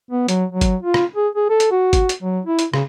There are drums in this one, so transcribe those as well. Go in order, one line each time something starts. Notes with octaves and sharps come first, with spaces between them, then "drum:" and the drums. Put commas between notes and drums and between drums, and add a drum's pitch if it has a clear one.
B3
F#3, drum: hi-hat
F#3
drum: kick G1, hi-hat
F4
drum: rim click
G#4
G#4
A4
drum: hi-hat
F#4
drum: kick G1, hi-hat
drum: hi-hat
F#3
E4
drum: hi-hat
C#3, drum: rim click